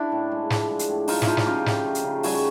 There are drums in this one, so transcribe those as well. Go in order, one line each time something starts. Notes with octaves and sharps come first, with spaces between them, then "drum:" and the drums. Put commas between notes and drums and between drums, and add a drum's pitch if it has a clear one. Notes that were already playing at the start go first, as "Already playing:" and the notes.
Already playing: D4 E4
A2
G#3
F3, drum: snare
G#3
drum: hi-hat
A2
F3 D#4 F4, drum: open hi-hat
E4, drum: snare
F3 D#4 F4
drum: snare
C#3 F4 G4
A3, drum: snare
A3
drum: hi-hat
C#3
G3 F#4 G#4, drum: open hi-hat